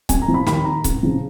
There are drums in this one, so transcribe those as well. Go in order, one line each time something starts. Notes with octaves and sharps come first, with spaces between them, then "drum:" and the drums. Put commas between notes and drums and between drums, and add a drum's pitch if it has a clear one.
F#2 G#5, drum: kick C#1, hi-hat
A#5
F3
B5
D#2 B5, drum: snare
D#3 A#5
C#2, drum: kick C#1, hi-hat
C#3 F3